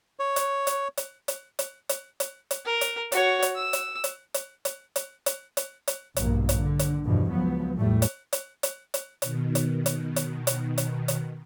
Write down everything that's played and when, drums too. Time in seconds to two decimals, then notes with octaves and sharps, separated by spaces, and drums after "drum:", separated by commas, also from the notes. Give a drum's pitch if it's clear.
0.19 C#5
0.36 drum: hi-hat
0.67 drum: hi-hat
0.97 drum: hi-hat
1.28 drum: hi-hat
1.59 drum: hi-hat
1.89 drum: hi-hat
2.20 drum: hi-hat
2.51 drum: hi-hat
2.65 A#4
2.81 drum: hi-hat
3.12 F#4 C#5, drum: hi-hat
3.42 drum: hi-hat
3.56 E6
3.73 drum: hi-hat
4.04 drum: hi-hat
4.34 drum: hi-hat
4.65 drum: hi-hat
4.96 drum: hi-hat
5.26 drum: hi-hat
5.57 drum: hi-hat
5.88 drum: hi-hat
6.16 A#1 G2 B2 A#3, drum: hi-hat
6.49 drum: hi-hat
6.58 D3
6.79 drum: hi-hat
7.04 E2 G2 B2 F3
7.33 C#2 F3 F#3 B3
7.77 E2 A2 G3 A3
8.02 drum: hi-hat
8.33 drum: hi-hat
8.63 drum: hi-hat
8.94 drum: hi-hat
9.22 B2 D#3, drum: hi-hat
9.55 drum: hi-hat
9.86 drum: hi-hat
10.16 drum: hi-hat
10.47 drum: hi-hat
10.78 drum: hi-hat
11.08 drum: hi-hat